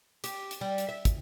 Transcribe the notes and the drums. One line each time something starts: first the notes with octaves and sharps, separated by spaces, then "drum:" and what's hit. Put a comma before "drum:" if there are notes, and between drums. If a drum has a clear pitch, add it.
G4, drum: hi-hat
drum: hi-hat
G3
drum: hi-hat
E5
drum: kick, hi-hat